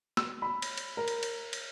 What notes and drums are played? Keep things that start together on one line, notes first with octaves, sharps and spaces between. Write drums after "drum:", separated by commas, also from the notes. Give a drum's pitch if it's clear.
E6, drum: snare
B5
drum: cymbal
drum: cymbal
A#4
drum: cymbal
drum: cymbal
drum: cymbal